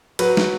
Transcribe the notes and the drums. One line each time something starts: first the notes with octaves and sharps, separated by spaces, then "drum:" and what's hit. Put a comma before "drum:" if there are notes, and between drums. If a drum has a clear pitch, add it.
F#3 B4, drum: cymbal
drum: snare